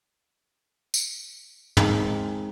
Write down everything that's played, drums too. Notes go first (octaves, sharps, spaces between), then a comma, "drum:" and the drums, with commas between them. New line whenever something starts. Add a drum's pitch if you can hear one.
drum: tambourine
G#3 C4 D#4 G#4, drum: tom